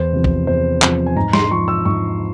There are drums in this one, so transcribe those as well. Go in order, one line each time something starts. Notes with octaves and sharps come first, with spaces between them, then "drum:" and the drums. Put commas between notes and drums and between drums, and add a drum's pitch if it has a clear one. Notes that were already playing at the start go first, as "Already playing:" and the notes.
Already playing: E2 C5
C3 F3
drum: kick
E2 C5
C3 F3, drum: clap
G#5
G#2 A#5
C6, drum: snare
F3 C#6
E6
G#2 C#6